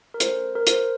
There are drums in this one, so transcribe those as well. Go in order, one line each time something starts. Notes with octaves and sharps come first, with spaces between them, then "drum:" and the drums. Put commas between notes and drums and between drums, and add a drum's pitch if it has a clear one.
A#4
A3 C#4 A4 C5, drum: hi-hat
A#4
C5, drum: hi-hat